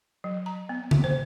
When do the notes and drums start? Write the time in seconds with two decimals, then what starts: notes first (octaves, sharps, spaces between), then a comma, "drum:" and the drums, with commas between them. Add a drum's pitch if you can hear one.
0.24 F#3
0.46 A#5
0.69 B3
0.91 drum: tom C#3
1.04 C5